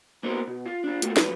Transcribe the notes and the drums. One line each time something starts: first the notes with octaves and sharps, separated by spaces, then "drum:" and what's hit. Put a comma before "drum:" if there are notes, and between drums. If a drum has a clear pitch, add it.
A#3 B3 D#4 F#4 A#4 C5
B2
F4
D4 F4
A3 A#3 F4 F#4, drum: hi-hat
C2 G#2 F3 F#3 B4, drum: snare